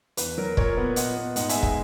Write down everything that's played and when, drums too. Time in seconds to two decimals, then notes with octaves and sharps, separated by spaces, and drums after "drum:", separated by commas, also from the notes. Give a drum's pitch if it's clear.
0.17 E2 B4, drum: hi-hat
0.38 F#3 A#4
0.57 A#2 A#4 C#5, drum: kick
0.77 B3 B4
0.96 A#2 D#5 F#5, drum: hi-hat
1.17 B3
1.36 G#2 D#5 F#5, drum: hi-hat
1.49 E5 G#5, drum: hi-hat
1.55 G#3
1.63 E5 G#5, drum: kick